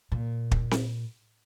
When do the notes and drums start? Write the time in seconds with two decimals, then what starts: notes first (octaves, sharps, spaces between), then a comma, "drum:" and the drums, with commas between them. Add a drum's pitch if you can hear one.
0.12 A#2
0.51 drum: kick
0.71 drum: snare C4